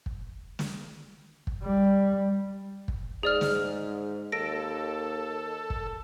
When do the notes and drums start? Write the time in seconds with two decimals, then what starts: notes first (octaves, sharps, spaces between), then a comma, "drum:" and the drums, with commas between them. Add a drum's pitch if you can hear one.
0.06 drum: kick
0.59 drum: snare
1.47 drum: kick
1.63 G3
2.88 drum: kick
3.23 G#2 G#4 D5 F6
3.41 drum: snare
4.32 D#2 A4 A#6 D7
5.70 drum: kick